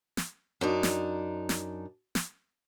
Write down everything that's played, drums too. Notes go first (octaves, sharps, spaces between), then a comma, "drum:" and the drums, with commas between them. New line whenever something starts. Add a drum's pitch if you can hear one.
drum: snare
F#2 D4 D#4
drum: snare
drum: snare
drum: snare